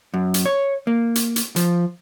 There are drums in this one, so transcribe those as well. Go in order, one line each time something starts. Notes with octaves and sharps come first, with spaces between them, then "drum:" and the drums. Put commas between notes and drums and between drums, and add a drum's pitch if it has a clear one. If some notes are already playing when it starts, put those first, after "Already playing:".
F#2
drum: hi-hat
C#5
A#3
drum: hi-hat
drum: hi-hat
F3, drum: hi-hat